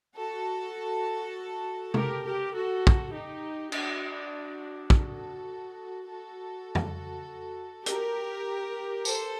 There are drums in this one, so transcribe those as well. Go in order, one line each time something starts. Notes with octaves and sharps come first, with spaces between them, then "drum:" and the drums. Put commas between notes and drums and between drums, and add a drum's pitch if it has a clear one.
F#4 A4
G4 A#4, drum: tom C3
G4 A#4
F#4 A4
drum: kick
D#4 G4
D4 F#4, drum: cymbal
F#4 A4, drum: kick
F#4 A4
drum: tom F2
G4 A#4, drum: hi-hat
A4 C5, drum: tambourine